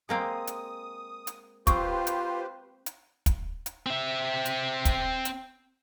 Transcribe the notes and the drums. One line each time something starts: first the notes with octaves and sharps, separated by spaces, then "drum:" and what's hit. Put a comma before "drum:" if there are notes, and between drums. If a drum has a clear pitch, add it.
G#3 A#3 C4 D#6
drum: hi-hat
drum: hi-hat
C4 F4 G4 B4 C5 C#6, drum: kick, hi-hat
drum: hi-hat
drum: hi-hat
drum: kick, hi-hat
drum: hi-hat
C4 E5
drum: hi-hat
drum: kick, hi-hat
drum: hi-hat